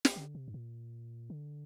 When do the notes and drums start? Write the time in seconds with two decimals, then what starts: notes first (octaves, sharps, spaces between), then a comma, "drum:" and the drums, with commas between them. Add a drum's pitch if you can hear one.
0.05 drum: snare
0.16 D3
0.35 C3
0.48 G2
0.54 A#2
1.30 D3